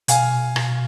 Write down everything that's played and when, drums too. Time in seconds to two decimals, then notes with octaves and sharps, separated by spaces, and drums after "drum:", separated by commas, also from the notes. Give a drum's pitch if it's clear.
0.08 B2 F5 G#5, drum: hi-hat
0.56 B2, drum: rim click